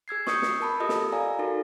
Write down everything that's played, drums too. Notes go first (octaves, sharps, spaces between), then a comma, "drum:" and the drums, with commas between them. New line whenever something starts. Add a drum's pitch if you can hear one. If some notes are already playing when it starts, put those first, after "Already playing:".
G#4 E6 G#6 C7
C#6 D#6 E6 G6 C#7, drum: snare
drum: snare
A#4 A5 B5
F4 G4 A4 D#5 D#6 E6
drum: snare
D5 F5 G#5 A#5
D#4 F#4 A4 A#4